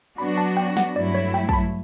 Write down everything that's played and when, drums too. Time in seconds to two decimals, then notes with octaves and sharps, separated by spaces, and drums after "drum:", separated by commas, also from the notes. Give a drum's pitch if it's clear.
0.18 F#3 B3 D4 F#4 B5
0.38 A5
0.57 G5
0.77 F#5, drum: snare
0.95 G2 F#3 A3 E4 D5
1.15 C#5
1.34 G5
1.49 A5, drum: kick
1.53 B5